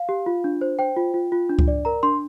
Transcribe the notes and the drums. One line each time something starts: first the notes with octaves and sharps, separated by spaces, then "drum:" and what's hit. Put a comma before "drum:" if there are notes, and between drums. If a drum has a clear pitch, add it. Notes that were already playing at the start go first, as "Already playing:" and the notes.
Already playing: F5
G4
F4
D4
C5
C5 G5
F4
F4
F4
D4
drum: kick C#2
D5
A#4 A#5
D4 C6